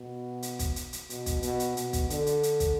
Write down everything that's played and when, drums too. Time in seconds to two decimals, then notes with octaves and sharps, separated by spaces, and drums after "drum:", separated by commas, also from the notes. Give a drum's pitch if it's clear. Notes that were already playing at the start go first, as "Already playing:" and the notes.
Already playing: B2
0.42 drum: hi-hat
0.59 drum: kick, hi-hat
0.76 drum: hi-hat
0.93 drum: hi-hat
1.10 B2, drum: hi-hat
1.26 drum: kick, hi-hat
1.42 B2, drum: hi-hat
1.60 drum: hi-hat
1.77 B2, drum: hi-hat
1.93 drum: kick, hi-hat
2.10 D3, drum: hi-hat
2.26 drum: hi-hat
2.43 drum: hi-hat
2.60 drum: kick, hi-hat